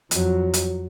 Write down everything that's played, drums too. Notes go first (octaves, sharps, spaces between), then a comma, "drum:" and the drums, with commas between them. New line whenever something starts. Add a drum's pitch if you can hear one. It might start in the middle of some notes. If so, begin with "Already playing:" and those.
F2 F#3, drum: hi-hat
drum: hi-hat